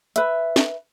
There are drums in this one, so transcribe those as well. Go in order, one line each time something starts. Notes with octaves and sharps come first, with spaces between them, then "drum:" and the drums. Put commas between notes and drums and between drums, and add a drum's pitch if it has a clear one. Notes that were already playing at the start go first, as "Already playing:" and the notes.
B4 E5, drum: hi-hat
drum: snare